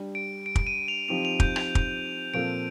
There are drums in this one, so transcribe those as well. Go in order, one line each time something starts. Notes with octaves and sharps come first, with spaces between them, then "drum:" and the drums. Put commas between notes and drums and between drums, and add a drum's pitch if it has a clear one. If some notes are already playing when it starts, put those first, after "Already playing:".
Already playing: G3 D4 G4
D7
D7
drum: kick
D#7
F7
F3 C4 D#4 G4 F7
F7
G6, drum: kick
F7, drum: rim click
drum: kick
A#2 F3 C4 F4 A4 D7